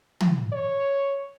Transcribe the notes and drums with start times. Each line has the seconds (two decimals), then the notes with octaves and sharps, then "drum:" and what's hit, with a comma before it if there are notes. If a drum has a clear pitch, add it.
0.20 drum: tom
0.53 C#5